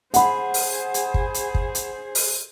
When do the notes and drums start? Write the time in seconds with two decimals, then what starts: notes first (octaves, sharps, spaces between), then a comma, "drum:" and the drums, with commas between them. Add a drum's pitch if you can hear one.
0.14 G#4 C5 F#5 B5, drum: hi-hat
0.54 drum: open hi-hat
0.94 drum: hi-hat
1.14 drum: kick
1.34 drum: hi-hat
1.55 drum: kick
1.75 drum: hi-hat
2.15 drum: open hi-hat